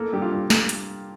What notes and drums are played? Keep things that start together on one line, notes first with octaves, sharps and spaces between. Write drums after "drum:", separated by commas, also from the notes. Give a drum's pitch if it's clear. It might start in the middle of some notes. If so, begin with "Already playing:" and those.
Already playing: A#3 A4
G2 G4
F4
G2
drum: snare
drum: hi-hat